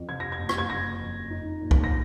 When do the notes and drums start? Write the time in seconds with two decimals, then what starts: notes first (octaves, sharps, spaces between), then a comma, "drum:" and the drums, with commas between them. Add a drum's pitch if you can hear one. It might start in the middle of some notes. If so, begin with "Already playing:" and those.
Already playing: F2
0.09 C3 G#6
0.20 A#6
0.32 G#6
0.39 F#1
0.49 drum: rim click
0.58 G#6
0.69 F#1 A#6
1.00 F2
1.30 D#4
1.61 A#2
1.71 drum: kick C2
1.84 A#6